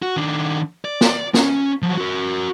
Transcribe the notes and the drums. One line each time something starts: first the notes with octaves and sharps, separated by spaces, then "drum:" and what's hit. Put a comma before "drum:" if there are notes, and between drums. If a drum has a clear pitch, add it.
F#4
D#3 D4
D5
drum: snare
C#4, drum: snare
F3 F#3
F#4 A#4